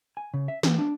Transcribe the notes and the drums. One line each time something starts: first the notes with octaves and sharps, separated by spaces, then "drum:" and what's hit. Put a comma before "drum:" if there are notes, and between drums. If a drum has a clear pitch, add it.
G#5
C#3
E5
E3, drum: snare
D4